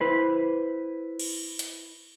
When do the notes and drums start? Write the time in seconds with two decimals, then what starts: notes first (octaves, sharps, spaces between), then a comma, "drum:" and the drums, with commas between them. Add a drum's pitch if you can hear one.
0.01 E4 B4 C5
1.19 drum: cymbal
1.59 drum: hi-hat